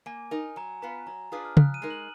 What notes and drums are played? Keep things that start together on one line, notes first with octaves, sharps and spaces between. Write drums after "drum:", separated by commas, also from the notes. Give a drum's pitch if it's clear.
A#3 G#5
D#4 A#4 G#5
F#3 A#5
B3 F4 B4 A#5
F#3 A#5
D4 F4 G#4 B4 D#6
F6
F3 F#6, drum: tom
D#7
G#3 D#4 A#4
F#7